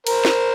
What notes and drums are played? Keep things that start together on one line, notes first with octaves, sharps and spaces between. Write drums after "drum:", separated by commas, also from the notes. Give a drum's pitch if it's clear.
A#4 C5, drum: cymbal
drum: snare